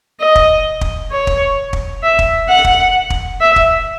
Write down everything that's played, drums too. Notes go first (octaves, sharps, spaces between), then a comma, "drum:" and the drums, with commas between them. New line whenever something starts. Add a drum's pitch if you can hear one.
D#5
drum: kick
drum: kick
C#5
drum: kick
drum: kick
E5
drum: kick
F#5
drum: kick
drum: kick
E5
drum: kick